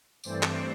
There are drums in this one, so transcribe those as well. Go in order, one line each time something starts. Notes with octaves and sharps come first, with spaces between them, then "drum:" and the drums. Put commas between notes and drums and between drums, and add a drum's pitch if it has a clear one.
G2 E3 A3 C4 C5 D5, drum: tambourine
drum: clap